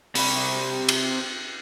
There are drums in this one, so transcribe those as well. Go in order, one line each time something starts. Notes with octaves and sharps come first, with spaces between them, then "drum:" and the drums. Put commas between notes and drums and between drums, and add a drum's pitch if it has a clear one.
C3 B5, drum: open hi-hat
drum: cymbal